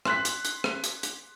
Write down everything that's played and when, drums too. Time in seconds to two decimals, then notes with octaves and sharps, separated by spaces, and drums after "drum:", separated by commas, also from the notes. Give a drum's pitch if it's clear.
0.05 C6 F#6 B6, drum: rim click
0.25 drum: hi-hat
0.45 drum: hi-hat
0.64 drum: rim click
0.84 drum: hi-hat
1.03 drum: hi-hat